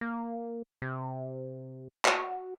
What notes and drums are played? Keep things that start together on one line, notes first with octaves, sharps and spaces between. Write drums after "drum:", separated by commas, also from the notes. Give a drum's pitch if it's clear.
A#3
C3
F#4, drum: clap